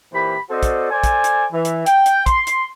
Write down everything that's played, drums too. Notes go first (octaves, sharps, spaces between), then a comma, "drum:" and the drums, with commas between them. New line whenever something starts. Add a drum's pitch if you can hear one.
A#2 E3 G4 C5 B5
C4 F#4 A4 C5 D5 D#5
drum: kick, hi-hat
A4 C5 D5 G#5
drum: kick, hi-hat
drum: hi-hat
E3
drum: hi-hat
G5, drum: hi-hat
drum: hi-hat
C6, drum: kick, hi-hat
drum: hi-hat